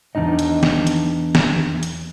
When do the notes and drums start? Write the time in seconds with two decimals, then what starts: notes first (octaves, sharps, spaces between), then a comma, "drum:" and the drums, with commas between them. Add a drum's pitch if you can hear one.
0.15 E2 D#3 D4 D#4 D#5
0.39 drum: hi-hat
0.63 drum: snare
0.87 drum: hi-hat
1.35 drum: snare
1.83 drum: hi-hat